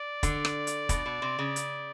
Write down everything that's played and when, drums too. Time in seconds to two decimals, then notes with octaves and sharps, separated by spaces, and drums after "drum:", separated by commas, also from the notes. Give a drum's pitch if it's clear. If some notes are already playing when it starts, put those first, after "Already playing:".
Already playing: D5
0.23 D3, drum: kick, hi-hat
0.45 drum: rim click
0.67 drum: hi-hat
0.89 B2, drum: kick, hi-hat
1.06 B2
1.22 C3
1.39 C#3
1.56 drum: hi-hat